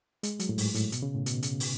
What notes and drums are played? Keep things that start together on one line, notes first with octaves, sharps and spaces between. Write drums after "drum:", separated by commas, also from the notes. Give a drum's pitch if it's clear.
G#3, drum: hi-hat
F#3, drum: hi-hat
A2
G#2, drum: open hi-hat
A2, drum: hi-hat
B2, drum: hi-hat
C#3
A2
B2, drum: hi-hat
C#3, drum: hi-hat
drum: open hi-hat